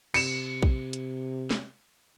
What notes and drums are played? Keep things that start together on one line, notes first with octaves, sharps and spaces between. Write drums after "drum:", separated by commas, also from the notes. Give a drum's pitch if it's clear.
C3 C#7 E7, drum: cymbal
drum: kick A#1
drum: hi-hat
drum: snare